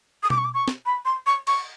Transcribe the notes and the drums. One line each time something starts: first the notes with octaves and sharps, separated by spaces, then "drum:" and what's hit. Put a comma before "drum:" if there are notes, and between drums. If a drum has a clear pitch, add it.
D#6
D6, drum: tom B2
C#6
D6
C#6
drum: snare
B5
C6
C#6
C#6, drum: cymbal